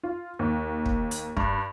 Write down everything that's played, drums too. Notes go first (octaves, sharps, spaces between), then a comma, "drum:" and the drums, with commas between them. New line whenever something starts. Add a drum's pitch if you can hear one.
F4
D#2
drum: kick
drum: hi-hat
G2, drum: kick